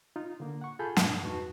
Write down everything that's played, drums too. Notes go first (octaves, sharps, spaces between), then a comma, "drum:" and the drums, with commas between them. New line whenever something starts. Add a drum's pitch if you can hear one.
D#4 F4
D3 A#3
F#5 C#6
F4 G#4 A4 G#5 B5 G6
G2 A#2 D4, drum: snare
E2 D#4 F#4 B4 A5 C#6